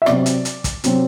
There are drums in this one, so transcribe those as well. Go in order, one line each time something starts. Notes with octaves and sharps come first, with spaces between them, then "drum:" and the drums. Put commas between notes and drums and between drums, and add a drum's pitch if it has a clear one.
E5
C3 F#3 C4 D5, drum: rim click
drum: hi-hat
drum: hi-hat
drum: kick, hi-hat
C3 F#3 C4, drum: hi-hat